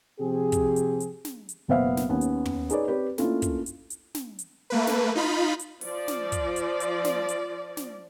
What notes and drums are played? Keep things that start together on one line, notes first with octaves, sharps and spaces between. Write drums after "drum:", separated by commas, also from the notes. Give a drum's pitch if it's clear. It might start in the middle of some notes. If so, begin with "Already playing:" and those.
C3 F3 C4 G4 G#4
drum: kick, hi-hat
drum: hi-hat
drum: hi-hat
drum: snare
drum: hi-hat
F#1 B2 B3 C5 E5 F5
drum: snare
D#2 B3 C#4
drum: hi-hat
drum: tom
D#4 G#4 B4 C#5 D5, drum: hi-hat
C4 G4 B4 C#5 D5
A3 A#3 C#4 D4 E4 F4, drum: snare
drum: kick, hi-hat
drum: hi-hat
drum: hi-hat
drum: snare
drum: hi-hat
A3 A#3 B4
drum: snare
D#4 F4 B5
drum: hi-hat
F3 D5, drum: open hi-hat
drum: snare
drum: kick, hi-hat
drum: hi-hat
drum: hi-hat
drum: snare
drum: hi-hat
drum: snare